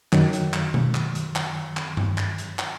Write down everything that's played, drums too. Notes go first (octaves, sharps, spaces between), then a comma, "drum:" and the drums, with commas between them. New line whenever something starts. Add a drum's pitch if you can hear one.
F#2 D#3 F#3, drum: clap
drum: hi-hat
drum: clap
drum: tom B2
drum: clap
drum: hi-hat
drum: clap
drum: clap
drum: tom G2
drum: clap
drum: hi-hat
drum: clap